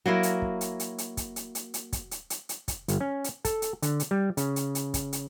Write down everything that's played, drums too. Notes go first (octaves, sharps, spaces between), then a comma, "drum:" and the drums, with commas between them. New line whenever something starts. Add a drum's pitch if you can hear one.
F#3 A#3 E4 A#4
drum: hi-hat
drum: kick
drum: hi-hat
drum: hi-hat
drum: hi-hat
drum: kick, hi-hat
drum: hi-hat
drum: hi-hat
drum: hi-hat
drum: kick, hi-hat
drum: hi-hat
drum: hi-hat
drum: hi-hat
drum: kick, hi-hat
G1, drum: hi-hat
C#4
drum: hi-hat
A4, drum: kick, hi-hat
drum: hi-hat
D3, drum: hi-hat
drum: hi-hat
G3
C#3, drum: hi-hat
drum: hi-hat
drum: hi-hat
drum: kick, hi-hat
drum: hi-hat